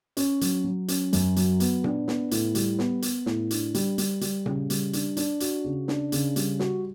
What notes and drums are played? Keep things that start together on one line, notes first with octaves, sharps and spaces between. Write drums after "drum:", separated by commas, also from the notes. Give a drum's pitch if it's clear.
C#4, drum: hi-hat
F#3, drum: hi-hat
F#3
C#4, drum: hi-hat
F#2, drum: hi-hat
F#3, drum: hi-hat
B3, drum: hi-hat
D4, drum: tom A#2
B3, drum: snare
A2, drum: hi-hat
G3, drum: hi-hat
B3, drum: snare
B3, drum: hi-hat
A2, drum: snare
D4, drum: hi-hat
G3, drum: hi-hat
G3, drum: hi-hat
G3, drum: hi-hat
C#3, drum: tom A#2
G3, drum: hi-hat
D4, drum: hi-hat
D4, drum: hi-hat
F#4, drum: hi-hat
C#3
D4, drum: snare
C#3, drum: hi-hat
G3, drum: hi-hat
F#4, drum: snare